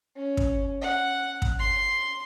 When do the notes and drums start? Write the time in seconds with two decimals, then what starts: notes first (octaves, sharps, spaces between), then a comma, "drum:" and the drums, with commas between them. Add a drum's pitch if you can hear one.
0.16 C#4
0.37 drum: kick
0.81 F#5
1.42 drum: kick
1.59 C6